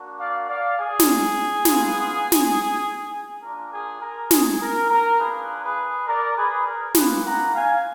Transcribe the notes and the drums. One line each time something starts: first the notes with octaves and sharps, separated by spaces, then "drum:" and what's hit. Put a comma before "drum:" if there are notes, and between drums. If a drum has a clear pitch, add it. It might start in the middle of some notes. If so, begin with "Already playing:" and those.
Already playing: A#3 D4 F#4
D5 F5
D5 F5
G#4
drum: snare
B3 F4, drum: snare
drum: snare
A#3 D4 F4 A#4
G#4
A#4
G#4, drum: snare
A#4
A#4
A#3 D4 F4 G#4 B4
G#4 B4
A#4 D5
G#4 B4
A#4
A#3 F4 G#4 B4, drum: snare
F#5 A#5
F5 G#5